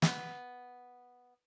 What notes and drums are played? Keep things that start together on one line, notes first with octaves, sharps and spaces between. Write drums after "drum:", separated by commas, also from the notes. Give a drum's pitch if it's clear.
B3, drum: snare